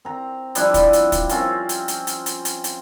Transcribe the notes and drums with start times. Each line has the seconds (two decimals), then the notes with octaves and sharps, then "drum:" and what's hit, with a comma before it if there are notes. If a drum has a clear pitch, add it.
0.05 C4 A#5
0.55 F3 G3 D4 E4, drum: hi-hat
0.74 drum: kick, hi-hat
0.93 drum: hi-hat
1.12 drum: kick, hi-hat
1.29 C4 C#4 F4, drum: hi-hat
1.69 drum: hi-hat
1.88 drum: hi-hat
2.07 drum: hi-hat
2.26 drum: hi-hat
2.45 drum: hi-hat
2.64 drum: hi-hat